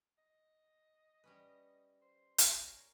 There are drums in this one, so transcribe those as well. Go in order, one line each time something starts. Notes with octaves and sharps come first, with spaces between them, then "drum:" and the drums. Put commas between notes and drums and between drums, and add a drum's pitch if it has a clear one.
D#5
G3 C#4 B4
C5
drum: hi-hat
C#4 A#4